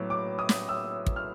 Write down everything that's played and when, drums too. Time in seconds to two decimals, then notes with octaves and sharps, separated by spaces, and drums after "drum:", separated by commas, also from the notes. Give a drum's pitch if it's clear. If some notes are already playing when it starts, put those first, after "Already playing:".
Already playing: A2 F#3 B3 D6
0.10 D6
0.39 D#6
0.49 drum: snare
0.69 E6
1.06 drum: kick
1.16 F6